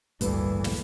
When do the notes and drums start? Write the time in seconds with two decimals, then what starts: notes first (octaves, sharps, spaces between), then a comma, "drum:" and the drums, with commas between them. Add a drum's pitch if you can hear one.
0.21 A1 D2 G2 E3 A3 A#3 B4, drum: hi-hat
0.64 drum: snare